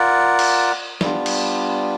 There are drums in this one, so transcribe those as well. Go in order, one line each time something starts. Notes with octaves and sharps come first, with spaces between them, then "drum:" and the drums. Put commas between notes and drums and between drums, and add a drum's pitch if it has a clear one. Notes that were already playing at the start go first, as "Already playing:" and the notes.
Already playing: F4 A#4 D5 F#5
drum: cymbal
G3 B3 D4 F4, drum: snare
drum: cymbal